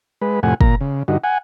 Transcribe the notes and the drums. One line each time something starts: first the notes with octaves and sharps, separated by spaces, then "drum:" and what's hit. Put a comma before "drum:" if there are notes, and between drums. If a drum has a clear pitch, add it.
G#3 B4
F2 A2 C3 F#5 G#5
A#2 A#5, drum: kick
C#3
G2 D3 D#4 F#4
F#5 G#5